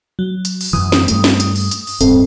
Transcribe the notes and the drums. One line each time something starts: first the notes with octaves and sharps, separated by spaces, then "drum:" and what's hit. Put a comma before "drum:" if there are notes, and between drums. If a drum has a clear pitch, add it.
F#3
drum: hi-hat
drum: open hi-hat
F#2 E3 D#6
drum: snare
G2 A3, drum: hi-hat
drum: snare
drum: hi-hat
drum: open hi-hat
drum: hi-hat
drum: open hi-hat
D1 G2 C4 A4, drum: hi-hat